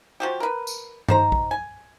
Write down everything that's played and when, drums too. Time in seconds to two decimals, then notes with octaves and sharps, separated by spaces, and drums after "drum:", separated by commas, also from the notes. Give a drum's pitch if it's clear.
0.20 F3 F#4 G4
0.40 A#4 B4
0.67 drum: tambourine
1.08 D#4 C5 A#5, drum: tom G2
1.32 drum: kick A#1
1.51 G#5